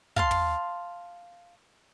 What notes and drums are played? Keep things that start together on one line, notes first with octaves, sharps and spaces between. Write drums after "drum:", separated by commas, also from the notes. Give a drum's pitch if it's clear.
F5 A5 C6, drum: kick
drum: tom